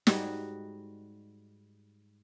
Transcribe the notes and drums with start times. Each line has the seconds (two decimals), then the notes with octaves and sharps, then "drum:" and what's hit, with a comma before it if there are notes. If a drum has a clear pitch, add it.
0.07 G#2 G3 D#4 F#4, drum: snare